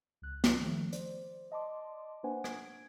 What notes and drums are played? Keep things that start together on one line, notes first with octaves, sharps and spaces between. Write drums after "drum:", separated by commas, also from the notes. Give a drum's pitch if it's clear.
C#2 F#6
drum: snare
D#3 F3 A3
C5 D5, drum: hi-hat
D5 D#5 A5 C6 D6
A#3 D4 B4 C5 F#5 G#5
G#6 D7, drum: rim click